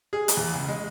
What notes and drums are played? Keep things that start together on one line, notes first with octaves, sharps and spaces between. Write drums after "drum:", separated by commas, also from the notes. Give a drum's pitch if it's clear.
G#4
drum: hi-hat
E2
C#2
G#3